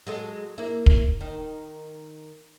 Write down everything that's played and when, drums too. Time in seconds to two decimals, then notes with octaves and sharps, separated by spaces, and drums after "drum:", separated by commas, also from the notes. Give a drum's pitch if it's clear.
0.07 F#3 G#3 A4
0.58 A#3 E4
0.86 drum: kick
1.21 D#3